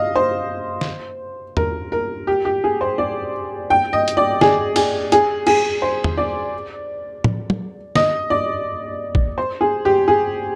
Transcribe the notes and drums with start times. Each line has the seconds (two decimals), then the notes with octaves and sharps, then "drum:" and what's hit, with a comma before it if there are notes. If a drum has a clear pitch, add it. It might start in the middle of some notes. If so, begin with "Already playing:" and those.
Already playing: D#5 F5
0.16 C5
0.81 drum: snare
1.57 A#4, drum: tom E2
1.92 A#4
2.27 G4
2.45 G4
2.64 G#4
2.81 C5
2.98 D5
3.70 G5
3.93 D#5
4.08 drum: hi-hat
4.17 D5
4.41 G#4, drum: snare
4.76 G#4, drum: cymbal
5.12 G#4, drum: hi-hat
5.47 G#4, drum: cymbal
5.82 C5
6.04 drum: tom E2
6.17 D5
7.24 drum: tom A2
7.50 drum: tom
7.95 D#5, drum: snare
8.30 D5
9.15 drum: kick A1
9.38 C5
9.61 G#4
9.85 G4
10.08 G#4